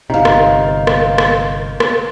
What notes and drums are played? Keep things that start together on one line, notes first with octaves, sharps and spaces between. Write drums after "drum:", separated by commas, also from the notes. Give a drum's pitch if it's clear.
G1 C3 D#4 F5
drum: rim click
drum: rim click
drum: rim click
drum: rim click